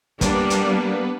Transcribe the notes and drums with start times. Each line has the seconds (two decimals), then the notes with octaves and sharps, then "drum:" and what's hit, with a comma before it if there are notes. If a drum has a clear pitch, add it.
0.21 G3 A#3 B3 D4 B4, drum: kick, hi-hat
0.50 drum: hi-hat